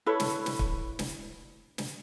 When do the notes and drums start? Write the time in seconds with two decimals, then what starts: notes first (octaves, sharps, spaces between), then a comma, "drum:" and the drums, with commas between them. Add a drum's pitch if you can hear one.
0.06 E4 A4 B4 C#5
0.20 drum: snare
0.46 drum: snare
0.59 drum: kick
0.99 drum: snare
1.78 drum: snare